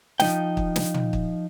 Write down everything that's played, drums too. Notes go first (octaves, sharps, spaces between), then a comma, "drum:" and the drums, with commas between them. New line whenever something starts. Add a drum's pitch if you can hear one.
F3 D#4 G5, drum: snare
drum: kick
drum: snare
drum: tom
drum: kick